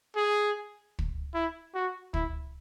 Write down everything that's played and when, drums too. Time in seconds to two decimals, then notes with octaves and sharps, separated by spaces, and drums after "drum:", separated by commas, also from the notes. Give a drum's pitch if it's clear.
0.16 G#4
0.99 drum: kick
1.34 E4
1.75 F#4
2.14 E4, drum: kick